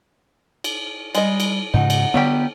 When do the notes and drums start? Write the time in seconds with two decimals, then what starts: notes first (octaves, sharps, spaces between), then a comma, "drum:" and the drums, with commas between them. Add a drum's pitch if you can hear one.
0.64 drum: cymbal
1.15 G3 G#3 D#5, drum: cymbal
1.40 drum: cymbal
1.74 G#2 C#3 D#4 F#5
1.90 drum: cymbal
2.14 D3 F#3 G3 B3 G4